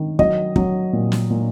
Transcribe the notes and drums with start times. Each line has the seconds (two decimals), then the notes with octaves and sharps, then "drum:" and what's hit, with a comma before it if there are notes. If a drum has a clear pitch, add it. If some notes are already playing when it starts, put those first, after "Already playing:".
Already playing: D#3
0.19 F#3 D#5, drum: kick
0.56 F#3, drum: kick
0.93 A#2
1.12 drum: snare
1.30 A#2